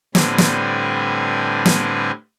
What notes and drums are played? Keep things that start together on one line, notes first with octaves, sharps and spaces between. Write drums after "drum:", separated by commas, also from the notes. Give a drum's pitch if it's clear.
A2 D3 G3 C4 B4 G#5, drum: snare
drum: snare
drum: snare